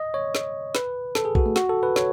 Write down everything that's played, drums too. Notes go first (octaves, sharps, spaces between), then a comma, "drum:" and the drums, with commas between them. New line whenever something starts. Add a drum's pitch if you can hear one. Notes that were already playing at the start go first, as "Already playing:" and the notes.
Already playing: D#5
C#5
drum: snare
B4, drum: snare
A4, drum: snare
G#4
F#4, drum: kick A#1
A3
F#4, drum: snare
A4
B4
C#5, drum: snare